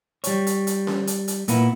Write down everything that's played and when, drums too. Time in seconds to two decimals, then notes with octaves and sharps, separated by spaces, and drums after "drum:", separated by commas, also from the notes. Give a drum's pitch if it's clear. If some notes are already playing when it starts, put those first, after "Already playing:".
0.24 G3 C#5, drum: hi-hat
0.47 drum: hi-hat
0.67 drum: hi-hat
0.87 drum: snare C#4
1.07 drum: hi-hat
1.28 drum: hi-hat
1.48 A#2 A#3 B3 E4, drum: hi-hat